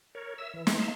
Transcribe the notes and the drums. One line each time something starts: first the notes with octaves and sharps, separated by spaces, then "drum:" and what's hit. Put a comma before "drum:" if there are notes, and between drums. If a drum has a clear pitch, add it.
A#4 C#5
E5 E6
E3
drum: snare
D#4 E5 F5 A5 C6